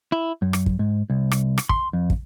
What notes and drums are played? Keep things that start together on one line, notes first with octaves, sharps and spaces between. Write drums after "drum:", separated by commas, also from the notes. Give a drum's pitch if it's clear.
E4
F#2
drum: rim click
drum: kick
G#2
C2
drum: rim click
drum: rim click
C6, drum: kick
F2
drum: kick